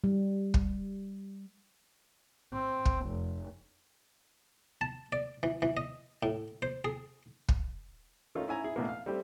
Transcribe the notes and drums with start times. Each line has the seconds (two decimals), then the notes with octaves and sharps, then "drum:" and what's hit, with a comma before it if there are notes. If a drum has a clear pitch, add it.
0.04 G3
0.54 drum: kick
2.53 C4
2.85 drum: kick
3.07 F1
4.81 A5
5.12 D5
5.43 E3
5.62 E3
5.77 D#5
6.23 A2
6.62 C5
6.85 G#4
7.49 drum: kick
8.35 D#3 A3 C#4 D#4 F4
8.47 C#4 E4 E5 G#5 A#5
8.64 E4 G#4
8.76 A1 B2 A#3
8.89 F5
9.06 G3 A3 C4 G4